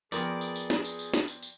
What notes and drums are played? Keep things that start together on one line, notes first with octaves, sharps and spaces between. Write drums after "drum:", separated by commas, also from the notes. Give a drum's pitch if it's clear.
F2 B3 G#4 A#4 D5, drum: tambourine
drum: tambourine
drum: tambourine
drum: snare
drum: tambourine
drum: tambourine
drum: snare
drum: tambourine
drum: tambourine